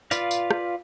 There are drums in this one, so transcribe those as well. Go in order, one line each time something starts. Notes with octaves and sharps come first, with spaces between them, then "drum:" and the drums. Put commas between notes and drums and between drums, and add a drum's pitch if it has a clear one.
F4 B4 D5 F5, drum: tambourine
drum: tambourine
drum: rim click